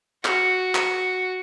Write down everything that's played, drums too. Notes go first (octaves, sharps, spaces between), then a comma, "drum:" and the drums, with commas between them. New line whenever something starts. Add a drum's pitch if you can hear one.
F#4, drum: clap
drum: clap